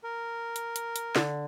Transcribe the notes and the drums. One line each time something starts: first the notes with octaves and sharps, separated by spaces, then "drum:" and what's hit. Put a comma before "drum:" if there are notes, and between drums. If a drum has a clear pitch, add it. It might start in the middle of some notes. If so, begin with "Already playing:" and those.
A#4
drum: hi-hat
drum: hi-hat
drum: hi-hat
D3, drum: snare